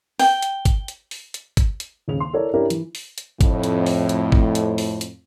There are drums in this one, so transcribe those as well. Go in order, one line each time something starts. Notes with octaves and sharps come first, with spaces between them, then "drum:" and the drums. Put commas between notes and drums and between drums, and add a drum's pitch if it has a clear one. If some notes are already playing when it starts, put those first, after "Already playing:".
G5, drum: open hi-hat
drum: hi-hat
drum: kick G#1, hi-hat
drum: hi-hat
drum: open hi-hat
drum: hi-hat
drum: kick G#1, hi-hat
drum: hi-hat
D#1 C#3 F7
C6
E4 A4 A#4 C#5 D5
C#4 D4 E4 G4 A#4
E3, drum: hi-hat
drum: open hi-hat
drum: hi-hat
F2 A2, drum: kick G#1, hi-hat
drum: hi-hat
drum: open hi-hat
drum: hi-hat
drum: kick G#1
drum: hi-hat
drum: open hi-hat
drum: hi-hat